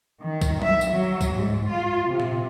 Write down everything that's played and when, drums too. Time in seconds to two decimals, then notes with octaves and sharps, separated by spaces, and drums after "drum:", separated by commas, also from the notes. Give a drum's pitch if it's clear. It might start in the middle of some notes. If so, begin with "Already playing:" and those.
0.22 D#3
0.42 drum: kick, tambourine
0.62 E5, drum: tom F#3
0.81 drum: tambourine
0.91 F#3
1.21 drum: kick, tambourine
1.36 G#2
1.69 F4
2.07 C3
2.20 drum: tom A#2